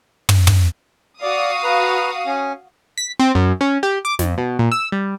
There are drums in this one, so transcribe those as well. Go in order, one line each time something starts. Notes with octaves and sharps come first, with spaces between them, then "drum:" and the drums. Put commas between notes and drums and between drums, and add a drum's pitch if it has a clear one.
drum: tom
drum: tom
F#4 D5 F5 D#6
B4 A#5
C#4
B6
C4
F#2
C#4
G4
D6
F2, drum: snare
B2
A#2
E6
G3